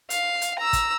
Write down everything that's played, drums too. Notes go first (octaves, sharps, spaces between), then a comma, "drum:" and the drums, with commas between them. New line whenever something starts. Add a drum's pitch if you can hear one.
F5, drum: hi-hat
drum: hi-hat
A#5 E6
drum: kick, hi-hat